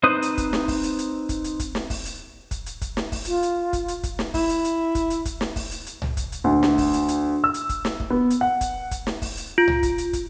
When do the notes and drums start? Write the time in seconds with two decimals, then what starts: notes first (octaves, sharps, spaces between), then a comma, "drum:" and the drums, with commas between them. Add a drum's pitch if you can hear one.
0.03 C4 D#4 B4 C5 D#6
0.22 drum: hi-hat
0.38 drum: kick, hi-hat
0.53 drum: snare
0.68 drum: kick, open hi-hat
0.83 drum: hi-hat
0.99 drum: hi-hat
1.29 drum: kick, hi-hat
1.44 drum: hi-hat
1.60 drum: kick, hi-hat
1.75 drum: snare
1.90 drum: kick, open hi-hat
2.05 drum: hi-hat
2.51 drum: kick, hi-hat
2.66 drum: hi-hat
2.82 drum: kick, hi-hat
2.97 drum: snare
3.12 drum: kick, open hi-hat
3.25 F4, drum: hi-hat
3.43 drum: hi-hat
3.73 drum: kick, hi-hat
3.88 drum: hi-hat
4.04 drum: kick, hi-hat
4.19 drum: snare
4.34 E4, drum: kick, open hi-hat
4.49 drum: hi-hat
4.64 drum: hi-hat
4.95 drum: kick, hi-hat
5.10 drum: hi-hat
5.25 drum: kick, hi-hat
5.41 drum: snare
5.56 drum: kick, open hi-hat
5.71 drum: hi-hat
5.86 drum: hi-hat
6.02 drum: tom C2
6.17 drum: kick, hi-hat
6.32 drum: hi-hat
6.44 D2
6.63 drum: snare
6.78 drum: kick, open hi-hat
6.93 drum: hi-hat
7.08 drum: hi-hat
7.44 E6
7.54 drum: hi-hat
7.69 drum: kick, hi-hat
7.85 drum: snare
8.00 drum: kick
8.10 B3
8.30 drum: hi-hat
8.41 F#5
8.61 drum: kick, hi-hat
8.91 drum: kick, hi-hat
9.07 drum: snare
9.22 drum: kick, open hi-hat
9.37 drum: hi-hat
9.58 F4
9.68 drum: tom C2
9.83 drum: kick, hi-hat
9.98 drum: hi-hat
10.13 drum: kick, hi-hat